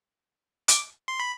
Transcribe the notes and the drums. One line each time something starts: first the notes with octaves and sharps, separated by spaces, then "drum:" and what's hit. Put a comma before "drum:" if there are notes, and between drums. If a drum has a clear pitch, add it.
D6, drum: hi-hat
C6
B5